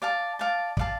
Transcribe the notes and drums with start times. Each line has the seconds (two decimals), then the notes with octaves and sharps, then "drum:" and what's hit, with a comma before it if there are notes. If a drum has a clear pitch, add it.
0.02 D5 F5 A5
0.39 D5 F5 A5
0.77 D5 F5 A5, drum: kick